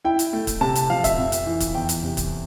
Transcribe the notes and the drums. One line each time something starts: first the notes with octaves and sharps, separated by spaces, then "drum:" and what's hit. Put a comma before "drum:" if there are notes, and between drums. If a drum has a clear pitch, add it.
E4 G5
drum: hi-hat
A3
drum: kick, hi-hat
C3 A5
drum: hi-hat
F3 F5
E5, drum: kick, hi-hat
F2
drum: hi-hat
E3
drum: kick, hi-hat
E2 G5
drum: hi-hat
C3
drum: kick, hi-hat